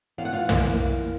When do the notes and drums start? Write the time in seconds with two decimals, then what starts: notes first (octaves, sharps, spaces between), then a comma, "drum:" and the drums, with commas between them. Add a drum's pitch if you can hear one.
0.18 E2 F5
0.25 F#5
0.33 F4 F5
0.49 A#3, drum: tom